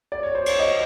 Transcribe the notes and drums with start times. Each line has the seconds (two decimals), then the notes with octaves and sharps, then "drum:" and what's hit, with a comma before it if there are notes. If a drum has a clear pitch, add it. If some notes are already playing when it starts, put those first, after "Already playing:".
0.12 D5
0.23 C#5
0.35 C5
0.46 C#5, drum: cymbal
0.59 D#5